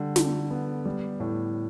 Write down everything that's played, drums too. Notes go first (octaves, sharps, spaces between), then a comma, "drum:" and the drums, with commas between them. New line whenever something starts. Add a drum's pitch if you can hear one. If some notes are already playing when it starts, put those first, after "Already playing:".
Already playing: D3 G3
D3, drum: snare
B3
G3
A2